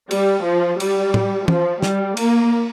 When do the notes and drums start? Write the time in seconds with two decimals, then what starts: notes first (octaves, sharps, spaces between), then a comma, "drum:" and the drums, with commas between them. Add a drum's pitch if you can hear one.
0.11 G3, drum: cymbal
0.45 F3
0.80 G3, drum: cymbal
1.14 drum: tom
1.48 F3, drum: tom E3
1.82 G3, drum: snare
2.17 A#3, drum: cymbal